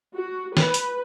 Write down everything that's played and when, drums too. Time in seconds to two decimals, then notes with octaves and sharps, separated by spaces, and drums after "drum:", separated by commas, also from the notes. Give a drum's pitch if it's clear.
0.15 F#4
0.57 B4, drum: snare
0.74 drum: hi-hat